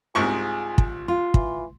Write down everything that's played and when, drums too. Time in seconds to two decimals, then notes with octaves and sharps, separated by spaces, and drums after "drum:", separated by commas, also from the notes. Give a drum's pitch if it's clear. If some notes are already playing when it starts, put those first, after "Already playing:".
0.15 C2 G#2 F4 G#4 C#6
0.78 drum: kick
1.08 F4 C6
1.34 E3, drum: kick